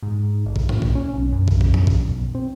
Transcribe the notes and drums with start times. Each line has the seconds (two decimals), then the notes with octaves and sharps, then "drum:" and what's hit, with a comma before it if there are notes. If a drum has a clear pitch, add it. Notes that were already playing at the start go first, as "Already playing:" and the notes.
0.03 G#2
0.46 A1
0.56 drum: kick
0.69 A#2, drum: tom G#2
0.82 drum: kick
0.95 C#4
1.14 B1
1.32 F#2
1.48 drum: kick
1.61 drum: kick
1.74 drum: tom A2
1.87 drum: kick
2.08 B1
2.35 C4